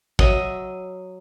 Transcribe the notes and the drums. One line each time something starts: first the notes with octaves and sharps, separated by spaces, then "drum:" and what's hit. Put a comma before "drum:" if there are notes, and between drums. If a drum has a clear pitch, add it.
F#3 D#5 E5, drum: kick